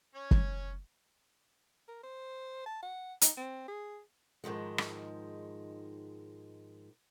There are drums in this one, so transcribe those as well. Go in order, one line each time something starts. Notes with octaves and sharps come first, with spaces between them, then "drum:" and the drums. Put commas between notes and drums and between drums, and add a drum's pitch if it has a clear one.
C#4 C#5
drum: kick
A#4
C5
A5
F#5
D#4, drum: hi-hat
C4
G#4
G#2 D#3 F3 G#3
drum: rim click